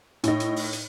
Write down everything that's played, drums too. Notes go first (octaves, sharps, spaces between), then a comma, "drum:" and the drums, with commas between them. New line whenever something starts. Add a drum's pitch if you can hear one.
A2 D#4, drum: hi-hat
drum: hi-hat
drum: open hi-hat
drum: hi-hat